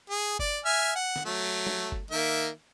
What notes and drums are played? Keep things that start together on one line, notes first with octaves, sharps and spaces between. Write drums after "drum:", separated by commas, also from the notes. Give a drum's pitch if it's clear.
G#4
D5, drum: kick G1
E5 G#5 F6
F#5
drum: snare
F#3 A3
drum: tom F#3
drum: kick G1
D#3 A#3 E5